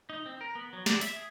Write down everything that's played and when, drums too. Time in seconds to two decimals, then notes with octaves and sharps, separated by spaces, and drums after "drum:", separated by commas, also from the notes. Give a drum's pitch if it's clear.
0.10 D#4
0.26 C4
0.41 A#4
0.55 B3
0.73 F#3
0.86 D5, drum: snare
1.01 E5, drum: open hi-hat
1.16 G#4